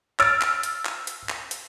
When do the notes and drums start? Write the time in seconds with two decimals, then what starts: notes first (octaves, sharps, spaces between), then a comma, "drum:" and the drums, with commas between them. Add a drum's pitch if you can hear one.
0.20 E6 F6 A6 D7, drum: clap
0.41 drum: clap
0.63 drum: hi-hat
0.85 drum: clap
1.07 drum: hi-hat
1.29 drum: clap
1.51 drum: hi-hat